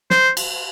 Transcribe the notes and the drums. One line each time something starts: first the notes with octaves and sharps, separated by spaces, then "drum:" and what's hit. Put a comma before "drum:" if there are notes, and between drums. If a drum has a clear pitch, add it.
C5, drum: snare
drum: cymbal